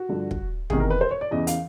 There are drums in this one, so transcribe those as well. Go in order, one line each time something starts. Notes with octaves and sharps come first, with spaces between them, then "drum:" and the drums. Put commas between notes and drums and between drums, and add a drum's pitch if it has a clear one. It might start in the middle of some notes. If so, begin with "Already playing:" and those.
Already playing: F#4
G2 D3 F3
drum: kick
E2 C3 D#3 G#4, drum: tom
A#4
B4
C5
C#5
D5
E2 C#3 E3 D#5
F5, drum: hi-hat